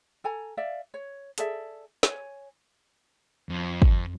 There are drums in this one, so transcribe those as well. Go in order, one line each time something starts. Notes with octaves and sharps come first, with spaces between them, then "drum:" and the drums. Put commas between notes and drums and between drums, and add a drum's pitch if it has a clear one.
A4 G#5 A#5
D5 E5 F5
C#5
G#4 A4 D5 E5, drum: hi-hat
C#5 G#5, drum: snare
F2
drum: kick